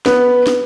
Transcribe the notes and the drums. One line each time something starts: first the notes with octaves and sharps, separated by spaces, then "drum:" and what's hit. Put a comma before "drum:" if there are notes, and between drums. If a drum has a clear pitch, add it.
B3, drum: snare
drum: snare